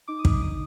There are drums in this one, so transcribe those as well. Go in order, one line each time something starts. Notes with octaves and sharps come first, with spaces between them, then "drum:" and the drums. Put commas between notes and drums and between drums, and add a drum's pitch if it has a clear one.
D#4 D6
D#6
D#4, drum: kick
D6
D3 D#6